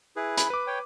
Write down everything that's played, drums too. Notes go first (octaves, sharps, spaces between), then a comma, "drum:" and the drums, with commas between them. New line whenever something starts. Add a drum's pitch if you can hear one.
E4 G#4 B4
B5, drum: hi-hat
B4 D6
C#5 G5